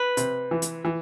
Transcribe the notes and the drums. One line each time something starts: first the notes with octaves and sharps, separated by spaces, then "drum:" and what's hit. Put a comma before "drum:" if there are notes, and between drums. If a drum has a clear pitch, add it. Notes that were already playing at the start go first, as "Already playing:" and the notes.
Already playing: B4
C3, drum: hi-hat
E3
drum: hi-hat
E3